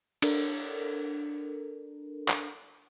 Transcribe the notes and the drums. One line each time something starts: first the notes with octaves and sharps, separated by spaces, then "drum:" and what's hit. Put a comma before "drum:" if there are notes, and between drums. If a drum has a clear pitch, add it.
D4 A4 A#4, drum: cymbal
drum: clap